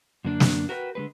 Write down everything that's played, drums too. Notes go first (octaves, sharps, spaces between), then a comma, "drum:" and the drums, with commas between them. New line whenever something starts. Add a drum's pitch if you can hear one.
F#2 D3 A#3 D4
drum: snare
F#4 A#4 B4 F5 G5
D3 G#3 G#4 B4